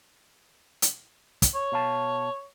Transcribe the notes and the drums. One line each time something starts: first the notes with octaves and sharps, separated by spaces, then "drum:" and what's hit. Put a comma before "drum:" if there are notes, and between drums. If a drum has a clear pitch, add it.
drum: hi-hat
drum: kick, hi-hat
C#5
B2 F5 A5